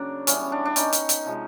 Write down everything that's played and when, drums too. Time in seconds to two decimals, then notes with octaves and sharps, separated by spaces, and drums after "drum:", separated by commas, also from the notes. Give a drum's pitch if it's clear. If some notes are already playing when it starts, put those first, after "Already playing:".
Already playing: C#3 F#3 A#3 D4
0.27 E3 G3 B3 C#4, drum: hi-hat
0.52 D4
0.65 D4
0.76 C#4 D#4, drum: hi-hat
0.93 drum: hi-hat
1.09 drum: hi-hat
1.25 C3 F3 G#3